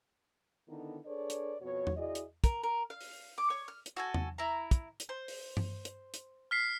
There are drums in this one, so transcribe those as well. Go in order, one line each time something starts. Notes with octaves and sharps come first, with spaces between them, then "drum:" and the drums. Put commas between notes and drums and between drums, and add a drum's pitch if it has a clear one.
D3 D#3 B3 D#4 E4 A4
D4 G#4 A4 B4 C#5 D5
drum: hi-hat
F2 B2 F#4 C#5
drum: tom E2
E4 F#4 G#4 D5 D#5
drum: hi-hat
A#4, drum: kick, hi-hat
A#4
F5
drum: open hi-hat
D6
C#5
F6
drum: hi-hat
F#4 A4 G#5
drum: tom E2
E4 A#5
drum: kick, hi-hat
drum: hi-hat
C5
drum: open hi-hat
drum: tom G2
drum: hi-hat
drum: hi-hat
F6 B6 C7